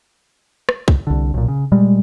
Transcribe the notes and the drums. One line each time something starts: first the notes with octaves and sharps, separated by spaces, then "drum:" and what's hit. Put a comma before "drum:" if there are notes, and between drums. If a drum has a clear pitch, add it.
drum: rim click
drum: kick
C2 D3
B1 A#2
C#3
A#2 G3 G#3